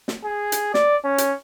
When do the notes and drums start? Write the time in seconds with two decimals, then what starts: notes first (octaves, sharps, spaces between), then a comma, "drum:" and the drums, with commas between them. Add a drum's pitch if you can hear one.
0.08 drum: snare
0.24 G#4
0.52 drum: hi-hat
0.74 D5, drum: snare
1.04 C#4
1.18 drum: hi-hat